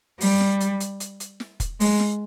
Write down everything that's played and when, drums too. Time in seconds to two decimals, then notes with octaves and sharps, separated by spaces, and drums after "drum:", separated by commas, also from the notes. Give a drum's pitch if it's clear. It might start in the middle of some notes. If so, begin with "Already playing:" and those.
0.21 G3, drum: open hi-hat
0.41 drum: snare
0.60 drum: hi-hat
0.80 drum: hi-hat
1.00 drum: hi-hat
1.20 drum: hi-hat
1.40 drum: snare
1.60 drum: kick, hi-hat
1.80 G#3, drum: open hi-hat
2.00 drum: snare